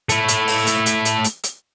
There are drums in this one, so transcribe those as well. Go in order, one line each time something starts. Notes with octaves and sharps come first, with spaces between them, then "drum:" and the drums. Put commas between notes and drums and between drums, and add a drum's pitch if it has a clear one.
A3 E4, drum: hi-hat
drum: hi-hat
drum: open hi-hat
drum: hi-hat
drum: hi-hat
drum: hi-hat
drum: hi-hat
drum: hi-hat